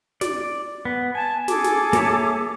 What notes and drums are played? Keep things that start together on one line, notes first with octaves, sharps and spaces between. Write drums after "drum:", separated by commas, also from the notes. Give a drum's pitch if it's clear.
D5, drum: snare
B3
G#5 A5
G#4 A4 D6, drum: snare
drum: snare
A#3 C#5 E5, drum: snare